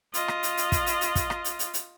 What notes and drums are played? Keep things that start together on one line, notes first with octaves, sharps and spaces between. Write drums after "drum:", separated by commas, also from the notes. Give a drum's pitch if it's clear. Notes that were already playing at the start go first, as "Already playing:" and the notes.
F4 D#5, drum: hi-hat
drum: rim click
drum: hi-hat
drum: hi-hat
drum: kick, hi-hat
drum: hi-hat
drum: hi-hat
drum: kick, hi-hat
drum: rim click
drum: hi-hat
drum: hi-hat
drum: hi-hat